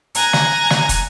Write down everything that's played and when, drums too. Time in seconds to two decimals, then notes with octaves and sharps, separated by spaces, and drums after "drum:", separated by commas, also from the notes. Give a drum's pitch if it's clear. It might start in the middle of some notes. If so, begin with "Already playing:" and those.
0.15 G#5 A#5 F#6 G#6 A#6, drum: hi-hat
0.33 drum: snare
0.70 drum: snare
0.89 drum: kick, hi-hat